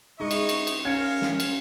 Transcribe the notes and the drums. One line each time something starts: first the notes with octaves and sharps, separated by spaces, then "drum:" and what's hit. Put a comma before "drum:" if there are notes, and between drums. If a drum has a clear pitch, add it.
G#3 D#4 E4 D#5 C#6
drum: cymbal
drum: cymbal
drum: cymbal
C#4 A#4 F5 G#6 C#7
drum: snare
drum: cymbal